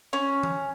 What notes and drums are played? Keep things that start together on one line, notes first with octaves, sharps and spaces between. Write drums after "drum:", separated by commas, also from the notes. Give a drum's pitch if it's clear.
C#4
drum: tom E3